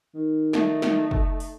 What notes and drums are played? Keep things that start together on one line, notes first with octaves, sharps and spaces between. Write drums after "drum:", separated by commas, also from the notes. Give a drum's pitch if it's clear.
D#3
A3 D#4, drum: snare
drum: snare
drum: kick
drum: open hi-hat